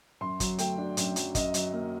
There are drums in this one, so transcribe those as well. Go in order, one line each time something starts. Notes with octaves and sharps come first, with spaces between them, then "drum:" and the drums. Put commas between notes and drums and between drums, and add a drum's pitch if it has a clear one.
F#2 C6
F#3, drum: kick, hi-hat
A3 G5, drum: hi-hat
D4
F#2, drum: hi-hat
F#3, drum: hi-hat
F#2 D#5, drum: kick, hi-hat
F#3, drum: hi-hat
A#3